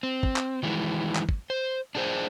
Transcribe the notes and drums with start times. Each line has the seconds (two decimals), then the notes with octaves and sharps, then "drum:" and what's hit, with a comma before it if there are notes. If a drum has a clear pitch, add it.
0.03 C4
0.23 drum: kick
0.36 drum: clap
0.63 D#3 E3 G3 G#3
1.15 drum: clap
1.29 drum: kick
1.50 C5
1.95 D4 G#4 C5